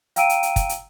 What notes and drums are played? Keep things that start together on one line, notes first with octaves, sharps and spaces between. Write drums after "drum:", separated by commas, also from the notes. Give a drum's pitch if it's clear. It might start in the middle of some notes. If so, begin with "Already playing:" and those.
F5 G5 A#5 E6 D7 D#7, drum: hi-hat
drum: hi-hat
drum: hi-hat
drum: kick, hi-hat
drum: hi-hat